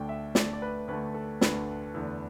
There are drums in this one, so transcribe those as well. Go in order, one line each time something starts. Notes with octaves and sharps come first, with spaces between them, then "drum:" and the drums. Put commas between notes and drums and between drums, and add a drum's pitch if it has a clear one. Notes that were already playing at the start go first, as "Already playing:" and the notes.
Already playing: D2 D3 A3 G5
E5
D2 D3 A3 D5, drum: snare
D5
B4
D2 D3 A3 B4
A4
D2 D3 A3 B4, drum: snare
E2 D3 A3